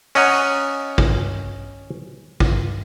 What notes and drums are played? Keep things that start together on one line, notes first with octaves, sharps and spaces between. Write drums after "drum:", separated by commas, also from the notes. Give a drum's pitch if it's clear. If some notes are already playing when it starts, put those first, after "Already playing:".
C#4 D#5 F#5 A#5, drum: open hi-hat
drum: kick
drum: kick